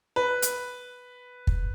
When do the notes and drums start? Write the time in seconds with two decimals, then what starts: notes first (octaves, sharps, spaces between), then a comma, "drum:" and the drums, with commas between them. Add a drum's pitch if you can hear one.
0.16 B4
0.42 drum: hi-hat
1.47 drum: kick